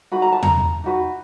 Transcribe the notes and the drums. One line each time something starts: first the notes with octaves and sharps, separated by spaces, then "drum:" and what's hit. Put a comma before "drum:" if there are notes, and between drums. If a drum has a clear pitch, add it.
D#4 F#4 B4 B5
A#5
A5
A#5, drum: tom E2
D#4 F#4 B4